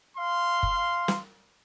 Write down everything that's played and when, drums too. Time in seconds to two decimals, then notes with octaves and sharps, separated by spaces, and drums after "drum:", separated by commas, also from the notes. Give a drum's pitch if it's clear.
0.18 F5 C6
0.63 drum: kick
1.08 drum: snare